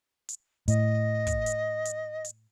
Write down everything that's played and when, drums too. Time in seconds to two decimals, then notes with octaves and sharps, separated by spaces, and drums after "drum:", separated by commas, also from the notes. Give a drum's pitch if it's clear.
0.29 drum: hi-hat
0.68 A2 D#5, drum: hi-hat
1.27 drum: kick, hi-hat
1.46 drum: hi-hat
1.85 drum: hi-hat
2.25 drum: hi-hat